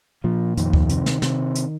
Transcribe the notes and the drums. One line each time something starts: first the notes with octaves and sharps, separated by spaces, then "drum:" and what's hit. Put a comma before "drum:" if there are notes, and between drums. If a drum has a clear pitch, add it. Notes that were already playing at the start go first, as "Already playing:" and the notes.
A#2 F3
F2 D#3, drum: hi-hat
drum: kick D2
C3, drum: hi-hat
drum: snare
C3, drum: snare
drum: hi-hat